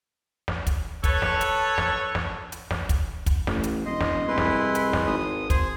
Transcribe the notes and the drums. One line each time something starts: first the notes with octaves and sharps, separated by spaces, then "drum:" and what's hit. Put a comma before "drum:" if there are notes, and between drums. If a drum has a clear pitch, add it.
drum: snare
drum: kick, hi-hat
A4 B4 C#5 A5, drum: kick, hi-hat
drum: snare
drum: hi-hat
drum: snare
drum: snare
drum: hi-hat
drum: snare
drum: kick, hi-hat
drum: kick, hi-hat
A1, drum: snare
drum: hi-hat
E1 D#5 C6
drum: snare
C2 G#3 E4 B4 C6
drum: snare
drum: hi-hat
drum: snare
G#1 D#6
G#4 C5, drum: kick, hi-hat